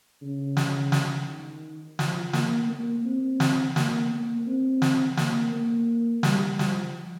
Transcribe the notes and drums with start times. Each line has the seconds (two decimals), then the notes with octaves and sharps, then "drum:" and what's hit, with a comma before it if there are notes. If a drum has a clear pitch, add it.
0.22 C#3
0.57 drum: snare
0.92 drum: snare
1.27 D#3
1.99 F3, drum: snare
2.33 A#3, drum: snare
2.70 A#3
3.05 C4
3.40 drum: snare
3.76 A#3, drum: snare
4.11 A#3
4.46 C4
4.82 drum: snare
5.17 A#3, drum: snare
5.52 A#3
6.23 G3, drum: snare
6.59 F3, drum: snare